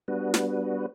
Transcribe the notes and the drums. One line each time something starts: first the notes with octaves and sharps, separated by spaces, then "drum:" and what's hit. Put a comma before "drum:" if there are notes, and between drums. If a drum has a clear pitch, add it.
G3 B3 D4 F#4 B4
drum: snare